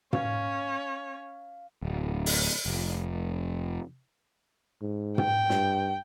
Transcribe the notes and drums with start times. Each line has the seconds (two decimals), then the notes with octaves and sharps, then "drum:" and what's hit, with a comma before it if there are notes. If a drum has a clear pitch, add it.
0.13 C#4 C#5 F5, drum: tom
1.82 D1
2.26 drum: open hi-hat
2.66 F1
4.81 G#2
5.18 G5, drum: tom
5.50 G2, drum: snare